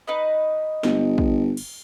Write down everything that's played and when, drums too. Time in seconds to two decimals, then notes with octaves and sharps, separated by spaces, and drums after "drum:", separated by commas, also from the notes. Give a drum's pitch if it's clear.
0.07 D#4 B4 D#5
0.83 G1, drum: snare G#3
1.18 drum: kick
1.57 drum: cymbal